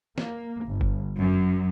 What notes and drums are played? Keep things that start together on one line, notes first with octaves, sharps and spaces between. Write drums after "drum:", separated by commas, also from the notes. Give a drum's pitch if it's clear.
A#3, drum: snare
G1
drum: kick F#1
F#2